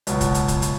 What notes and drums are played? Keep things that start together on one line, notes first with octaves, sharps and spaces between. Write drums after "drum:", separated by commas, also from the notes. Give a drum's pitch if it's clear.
C#2 B2 F#3, drum: hi-hat
drum: kick, hi-hat
drum: hi-hat
drum: kick, hi-hat
drum: hi-hat